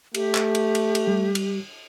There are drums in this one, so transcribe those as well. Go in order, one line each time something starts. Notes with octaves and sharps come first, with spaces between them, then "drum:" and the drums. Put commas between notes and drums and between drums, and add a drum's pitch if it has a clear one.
A3 G4, drum: cymbal
drum: clap
drum: cymbal
drum: cymbal
drum: cymbal
G3
drum: cymbal